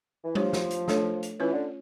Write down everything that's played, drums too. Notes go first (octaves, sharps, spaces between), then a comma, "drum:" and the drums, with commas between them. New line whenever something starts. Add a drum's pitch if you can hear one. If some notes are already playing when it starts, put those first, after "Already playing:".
E3
F3 A3 D4 G4 C#5, drum: tom G3
drum: snare
drum: hi-hat
A3 D4 A4 C#5, drum: snare
drum: hi-hat
E3 C#4 F4 C#5
D3